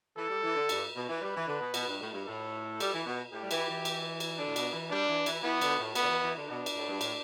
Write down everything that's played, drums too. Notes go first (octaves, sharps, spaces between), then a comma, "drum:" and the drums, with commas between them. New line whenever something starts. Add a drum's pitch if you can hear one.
E3 A4
G3
E3
D3
G2, drum: cymbal
B2
E3
G3 B4
E3
D3
B2
B2, drum: cymbal
G2
A2
G2
A2 A4
G3, drum: cymbal
E3
B2
A2 G4
G3
E3, drum: cymbal
E3
drum: cymbal
drum: cymbal
D3 D4
A2
B2, drum: cymbal
E3
G3 D4
E3
E3, drum: cymbal
E3 B3
D3, drum: cymbal
A2
A2 B3, drum: cymbal
D3
E3
E3
D3
B2 D4
drum: cymbal
A2
G2
A2, drum: cymbal